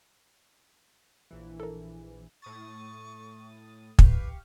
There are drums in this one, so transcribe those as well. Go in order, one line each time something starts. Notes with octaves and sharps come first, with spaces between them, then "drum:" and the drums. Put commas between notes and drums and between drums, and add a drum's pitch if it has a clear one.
A#1 E3
A4 A#4
A2 C#6 D#6 A6
G4 B4 F5 C#6, drum: kick